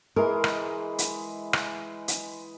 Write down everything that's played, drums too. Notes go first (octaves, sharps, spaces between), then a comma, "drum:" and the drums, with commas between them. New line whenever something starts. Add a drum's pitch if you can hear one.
E3 G#3 A#4
drum: rim click
drum: hi-hat
drum: rim click
drum: hi-hat